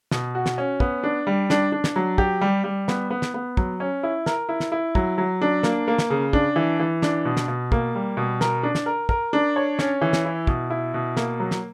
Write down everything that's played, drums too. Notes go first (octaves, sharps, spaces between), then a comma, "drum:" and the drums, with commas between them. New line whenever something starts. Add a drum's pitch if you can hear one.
B2, drum: snare
F#4
drum: snare
C#4
B3, drum: kick
D4
G3
D4, drum: snare
D4
drum: snare
F#3
G4, drum: kick
G3
G3
B3, drum: snare
B3
drum: snare
B3
F#3, drum: kick
C#4
E4
A#4, drum: snare
E4
drum: snare
E4
F#3, drum: kick
F#3
D4
A#3, drum: snare
A#3
drum: snare
C#3
D4, drum: kick
E3
E3
D4, drum: snare
B2
drum: snare
B2
A#3, drum: kick
G3
B2
A#4, drum: snare
D4
drum: snare
A#4
A#4, drum: kick
D4
C#5
C#4, drum: snare
E3
drum: snare
E4
B2, drum: kick
E4
B2
A#3, drum: snare
F#3
drum: snare